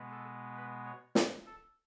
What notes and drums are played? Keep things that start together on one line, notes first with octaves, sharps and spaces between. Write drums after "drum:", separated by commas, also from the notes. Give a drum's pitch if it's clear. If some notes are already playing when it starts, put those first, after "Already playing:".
Already playing: B2 G#3 B3
A4
B4
C#5
B4, drum: snare
A4